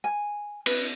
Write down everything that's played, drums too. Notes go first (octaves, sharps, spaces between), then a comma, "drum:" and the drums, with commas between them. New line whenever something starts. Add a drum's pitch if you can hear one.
G#5
B4, drum: cymbal